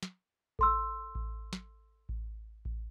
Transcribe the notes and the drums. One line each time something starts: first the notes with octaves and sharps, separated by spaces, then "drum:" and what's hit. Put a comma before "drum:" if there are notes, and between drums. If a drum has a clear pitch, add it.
drum: snare
A4 C6 E6, drum: kick A1
drum: kick A1
drum: snare
drum: kick A1
drum: kick A1